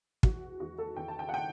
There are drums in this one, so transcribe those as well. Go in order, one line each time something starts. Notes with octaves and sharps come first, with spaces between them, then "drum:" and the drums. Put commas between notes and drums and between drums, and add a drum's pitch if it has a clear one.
E2 F#4, drum: kick
E2 F#4
A4
E2 G5
A5
G5
F#5
G5